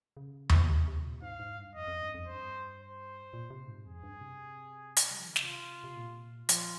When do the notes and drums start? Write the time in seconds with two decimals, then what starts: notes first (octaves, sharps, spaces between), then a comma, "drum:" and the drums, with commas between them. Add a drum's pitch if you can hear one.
0.17 C#3
0.49 drum: tom D#2
0.69 C3
0.88 C3
1.04 A#2
1.22 G#2 F5
1.39 G#2
1.58 G2
1.75 F2 D#5
1.88 F2
2.01 G2
2.14 F2
2.27 G2 C5
2.80 C5
3.33 A#2
3.50 C3
3.67 G#2
3.86 F2 G#4
4.03 G2
4.21 C3
4.97 drum: hi-hat
5.11 G3
5.19 F3
5.28 D#3
5.36 C#3, drum: snare
5.44 C3 F4
5.84 C3
5.96 A#2
6.49 F3 F4, drum: hi-hat